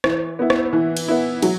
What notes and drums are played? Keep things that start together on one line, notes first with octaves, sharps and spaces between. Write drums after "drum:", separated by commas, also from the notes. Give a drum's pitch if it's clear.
E3, drum: rim click
B3 E4
drum: rim click
E3
drum: cymbal
B3 E4
F#3, drum: cymbal